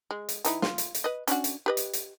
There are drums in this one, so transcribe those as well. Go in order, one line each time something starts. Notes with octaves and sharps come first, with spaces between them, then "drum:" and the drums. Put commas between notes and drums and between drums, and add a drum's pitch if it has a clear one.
G#3
drum: hi-hat
E3 D#4 E4, drum: hi-hat
F4, drum: snare
drum: hi-hat
drum: hi-hat
B4 D#5
C#4 D4 F#4, drum: hi-hat
drum: hi-hat
G4 B4 D#5
drum: hi-hat
drum: hi-hat